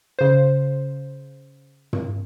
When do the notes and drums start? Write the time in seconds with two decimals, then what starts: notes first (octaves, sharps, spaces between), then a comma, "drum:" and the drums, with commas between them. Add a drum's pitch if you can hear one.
0.19 C#3 C5
1.93 drum: tom